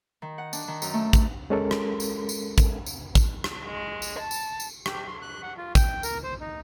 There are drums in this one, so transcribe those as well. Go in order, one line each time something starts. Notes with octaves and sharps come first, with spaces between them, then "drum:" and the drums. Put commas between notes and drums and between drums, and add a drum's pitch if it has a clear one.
D#3
F#5
D4, drum: tambourine
D#3
F#2, drum: tambourine
A3
drum: kick, tambourine
G#3 C#4 A4 A#4
drum: rim click
drum: tambourine
drum: tambourine
drum: kick, tambourine
drum: tambourine
drum: kick, tambourine
drum: rim click
G#3
drum: tambourine
A5
drum: tambourine
drum: tambourine
G4, drum: rim click
C6
F#6
F#5
F4
G5, drum: kick, tambourine
A#4, drum: tambourine
C5
D#4